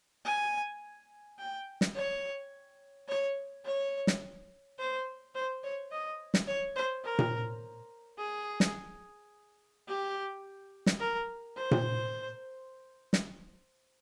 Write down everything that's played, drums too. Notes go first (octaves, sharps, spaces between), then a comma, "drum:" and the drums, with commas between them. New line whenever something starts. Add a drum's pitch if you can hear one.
G#5
G5
drum: snare
C#5
C#5
C#5
drum: snare
C5
C5
C#5
D#5
drum: snare
C#5
C5
A#4
drum: tom A#2
G#4
drum: snare
G4
drum: snare
A#4
C5
drum: tom A#2
drum: snare